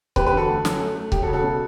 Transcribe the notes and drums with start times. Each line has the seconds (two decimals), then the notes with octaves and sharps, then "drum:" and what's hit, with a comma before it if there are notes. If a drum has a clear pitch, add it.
0.16 E2 G4 B4, drum: kick C#1
0.27 G4 B4
0.33 D3 F#4 A4
0.49 A3
0.65 F#2, drum: snare
0.80 A3
0.96 A3
1.12 E1 G4, drum: kick C#1
1.22 F#4 A4
1.28 C#3
1.33 F#4 A4
1.44 B2